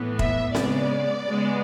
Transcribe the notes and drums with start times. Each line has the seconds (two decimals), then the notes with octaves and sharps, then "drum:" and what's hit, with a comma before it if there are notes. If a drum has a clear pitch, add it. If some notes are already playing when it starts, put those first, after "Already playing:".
Already playing: A2 E3 B3
0.19 E5, drum: kick
0.55 C#3 G#3 B3 D5, drum: snare C4
1.26 C#3 G#3 B3